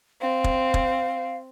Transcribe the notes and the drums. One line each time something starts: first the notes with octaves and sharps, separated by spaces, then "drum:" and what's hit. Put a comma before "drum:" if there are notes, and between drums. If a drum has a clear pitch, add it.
C4 F5
drum: kick
drum: kick